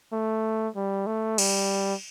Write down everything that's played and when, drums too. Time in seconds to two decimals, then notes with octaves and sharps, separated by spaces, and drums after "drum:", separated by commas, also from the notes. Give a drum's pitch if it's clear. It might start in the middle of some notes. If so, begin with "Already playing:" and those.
0.12 A3
0.76 G3
1.07 A3
1.38 G3, drum: cymbal